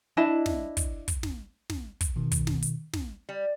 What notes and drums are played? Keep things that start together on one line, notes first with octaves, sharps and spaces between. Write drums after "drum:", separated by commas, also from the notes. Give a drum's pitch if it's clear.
D4 E4 D#5 A5
drum: snare
drum: kick, hi-hat
drum: kick, hi-hat
drum: snare
drum: snare
drum: kick, hi-hat
B2 D#3
drum: kick, hi-hat
drum: snare
drum: hi-hat
drum: snare
G3